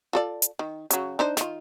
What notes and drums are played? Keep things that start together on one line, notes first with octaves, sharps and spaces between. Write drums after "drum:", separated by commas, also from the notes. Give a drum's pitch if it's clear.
F4 A4 D5
drum: hi-hat
D#3
C#3 F#3, drum: hi-hat
D4 D#4 C5
D#3 F4, drum: snare